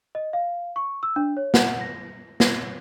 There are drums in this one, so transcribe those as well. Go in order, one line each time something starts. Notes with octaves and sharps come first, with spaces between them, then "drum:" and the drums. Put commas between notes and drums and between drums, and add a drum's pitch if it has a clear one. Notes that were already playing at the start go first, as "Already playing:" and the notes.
D#5
F5
C#6
E6
D4
C#5
F#5, drum: snare
A#6
A#6, drum: snare